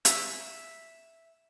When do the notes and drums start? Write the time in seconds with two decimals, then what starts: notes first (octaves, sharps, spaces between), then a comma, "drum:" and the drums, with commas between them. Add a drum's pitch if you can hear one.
0.05 E5, drum: hi-hat